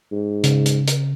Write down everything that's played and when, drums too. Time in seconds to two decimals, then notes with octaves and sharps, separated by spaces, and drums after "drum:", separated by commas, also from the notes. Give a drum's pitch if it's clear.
0.12 G#2
0.44 C#3, drum: hi-hat
0.66 drum: hi-hat
0.87 drum: hi-hat